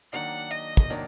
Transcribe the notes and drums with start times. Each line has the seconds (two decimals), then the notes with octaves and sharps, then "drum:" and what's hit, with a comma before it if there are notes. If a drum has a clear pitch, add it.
0.13 D#3 F#3 A#3 D4 F#5
0.51 D#5
0.77 drum: kick
0.90 D#3 F#3 A#3 D4